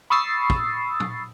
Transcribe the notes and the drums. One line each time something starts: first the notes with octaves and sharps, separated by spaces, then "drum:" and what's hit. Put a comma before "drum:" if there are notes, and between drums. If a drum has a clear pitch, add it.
B5 C#6 D#6 E6 A6 C7
drum: kick
drum: tom